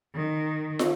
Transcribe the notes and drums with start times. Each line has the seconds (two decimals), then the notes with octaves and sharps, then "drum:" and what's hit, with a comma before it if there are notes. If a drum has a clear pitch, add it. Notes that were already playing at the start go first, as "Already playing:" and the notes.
0.14 D#3
0.79 drum: snare